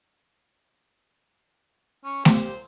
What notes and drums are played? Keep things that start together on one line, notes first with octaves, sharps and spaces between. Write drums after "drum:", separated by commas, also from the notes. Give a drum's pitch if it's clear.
C#4 C#6
G4 C5, drum: snare A3